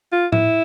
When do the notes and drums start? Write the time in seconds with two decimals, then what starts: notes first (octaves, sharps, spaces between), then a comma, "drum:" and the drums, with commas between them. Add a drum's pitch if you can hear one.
0.12 F4
0.33 E4, drum: tom A2